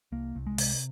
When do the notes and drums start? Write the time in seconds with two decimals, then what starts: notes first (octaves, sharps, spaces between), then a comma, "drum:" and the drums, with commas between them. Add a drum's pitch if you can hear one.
0.12 C2 A#3
0.35 C2
0.47 G#3
0.58 C3, drum: open hi-hat